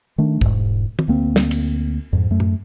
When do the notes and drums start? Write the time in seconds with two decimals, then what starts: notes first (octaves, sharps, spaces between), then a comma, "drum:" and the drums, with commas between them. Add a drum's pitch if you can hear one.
0.18 D#3 A3 D4
0.41 E1 D#2 G#2, drum: kick
0.99 drum: tom
1.08 D2 A#3 C4
1.36 drum: snare
1.51 drum: cymbal
2.13 F2 G#2
2.30 F#2 A3
2.40 drum: tom A2